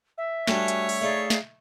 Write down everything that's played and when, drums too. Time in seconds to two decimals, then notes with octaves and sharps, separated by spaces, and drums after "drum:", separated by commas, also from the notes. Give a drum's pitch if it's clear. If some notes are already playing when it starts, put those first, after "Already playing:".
0.17 E5
0.47 G3 A3 D4 F#4 C#5 G#5, drum: snare
0.68 drum: hi-hat
0.89 drum: open hi-hat
1.01 A3 D#4 G#4 D5 F5
1.30 drum: snare